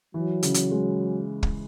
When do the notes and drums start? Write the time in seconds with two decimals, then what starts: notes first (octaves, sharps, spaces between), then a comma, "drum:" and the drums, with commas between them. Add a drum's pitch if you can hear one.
0.14 E3 F#3
0.43 C#3, drum: hi-hat
0.54 drum: hi-hat
0.71 G#3
1.43 drum: kick